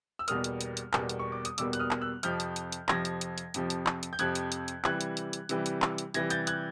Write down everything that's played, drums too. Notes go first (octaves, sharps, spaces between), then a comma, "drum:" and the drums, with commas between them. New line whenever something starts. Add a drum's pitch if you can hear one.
E6
E2 B2 G3 A#3 D#6 F6, drum: hi-hat
drum: hi-hat
drum: hi-hat
drum: hi-hat
E2 B2 G3 A#3, drum: clap
drum: hi-hat
C#6
D6
D#6, drum: hi-hat
E2 B2 G3 A#3 D6 E6, drum: hi-hat
F#6, drum: hi-hat
D#6 F6
drum: clap
E6 F#6
F2 C3 F3 F6 G6, drum: hi-hat
drum: hi-hat
drum: hi-hat
drum: hi-hat
F2 C3 F3 G#6 A#6, drum: clap
drum: hi-hat
drum: hi-hat
drum: hi-hat
F2 C3 F3, drum: hi-hat
drum: hi-hat
drum: clap
drum: hi-hat
G6
F2 C3 F3 F#6 G#6, drum: hi-hat
drum: hi-hat
drum: hi-hat
drum: hi-hat
C3 E3 G3 F#6 G#6, drum: clap
drum: hi-hat
drum: hi-hat
drum: hi-hat
C3 E3 G3, drum: hi-hat
drum: hi-hat
drum: clap
drum: hi-hat
C3 E3 G3 G#6 A#6, drum: hi-hat
G6 A6, drum: hi-hat
F#6 G#6, drum: hi-hat